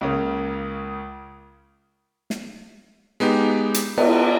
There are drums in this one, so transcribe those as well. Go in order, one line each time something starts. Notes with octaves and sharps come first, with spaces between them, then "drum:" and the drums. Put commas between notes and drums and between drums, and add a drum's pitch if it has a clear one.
C#2 C#3 A#3
drum: snare
G#3 B3 D#4 G4
drum: hi-hat
B3, drum: cymbal